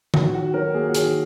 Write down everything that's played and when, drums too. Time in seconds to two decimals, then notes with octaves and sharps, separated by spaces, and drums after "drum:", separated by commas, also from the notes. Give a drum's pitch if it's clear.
0.14 D#3 F#4, drum: tom D3
0.34 D#3 F#4
0.54 F#3 A#4
0.74 A#3 G#4
0.89 F#4
0.94 D#3 G#4, drum: hi-hat